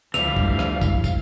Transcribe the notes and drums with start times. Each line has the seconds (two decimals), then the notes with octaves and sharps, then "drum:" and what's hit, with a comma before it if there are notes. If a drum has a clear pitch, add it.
0.14 D2 E3 F3 G3 E4 F5 F7, drum: rim click
0.37 drum: kick
0.59 drum: rim click
0.82 drum: kick, tambourine
1.04 drum: kick, tambourine